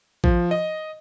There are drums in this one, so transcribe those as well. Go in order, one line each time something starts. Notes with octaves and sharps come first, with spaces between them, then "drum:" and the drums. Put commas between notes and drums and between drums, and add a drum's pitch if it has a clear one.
F3, drum: kick A1
D#5